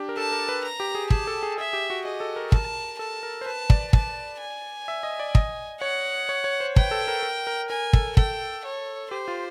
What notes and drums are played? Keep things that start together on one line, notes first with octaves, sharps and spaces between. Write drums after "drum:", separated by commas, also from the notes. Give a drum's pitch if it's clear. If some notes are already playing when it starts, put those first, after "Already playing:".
Already playing: D4 G4
A#4
A4 A5
A#4
B4
A#5
G4
G#4
G#4 A5, drum: kick
A4
G#4
G#4 E5
G4
F#4
G#4 D#5
A4
A#4
A5, drum: kick
A4 A5
A#4
C5
B4 A5
D5, drum: kick
A5, drum: kick
G#5
E5
D#5
D5
D#5, drum: kick
C#5 F#5
C#5
C#5
C5
B4 G5, drum: kick
A4
A#4
A#4
A#4
A#4 G#5
A4, drum: kick
A4 G5, drum: kick
C#5
G4 C5
F4